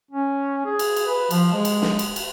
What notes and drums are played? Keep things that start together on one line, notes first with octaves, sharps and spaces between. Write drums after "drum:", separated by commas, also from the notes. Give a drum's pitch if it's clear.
C#4
G#4
drum: cymbal
drum: cymbal
B4
F3, drum: cymbal
G#3
drum: cymbal
drum: snare
drum: cymbal
drum: cymbal